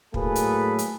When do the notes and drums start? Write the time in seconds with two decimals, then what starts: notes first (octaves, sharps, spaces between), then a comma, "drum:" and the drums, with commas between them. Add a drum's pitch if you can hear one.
0.14 A2 F#3 A#3 G#4 A4 B4, drum: kick
0.36 drum: hi-hat
0.79 drum: hi-hat